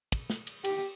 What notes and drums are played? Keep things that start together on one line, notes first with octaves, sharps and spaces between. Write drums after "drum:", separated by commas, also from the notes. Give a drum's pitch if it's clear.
drum: kick, cymbal
drum: snare
drum: cymbal
G4, drum: cymbal